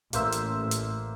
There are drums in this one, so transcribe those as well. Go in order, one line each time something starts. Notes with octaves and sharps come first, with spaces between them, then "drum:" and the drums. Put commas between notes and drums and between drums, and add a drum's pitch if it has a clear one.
A1 A#3 C5 E5, drum: hi-hat
drum: hi-hat
drum: hi-hat